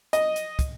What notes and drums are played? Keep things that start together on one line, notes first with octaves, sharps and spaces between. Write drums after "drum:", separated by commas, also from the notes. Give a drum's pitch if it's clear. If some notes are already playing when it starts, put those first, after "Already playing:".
D#5, drum: hi-hat
drum: hi-hat
drum: kick, hi-hat